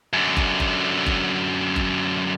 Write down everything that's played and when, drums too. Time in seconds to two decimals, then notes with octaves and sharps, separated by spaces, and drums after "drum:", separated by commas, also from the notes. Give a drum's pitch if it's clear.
0.13 F#2 D3
0.37 drum: kick F#1
0.60 drum: kick F#1
1.06 drum: kick F#1
1.76 drum: kick F#1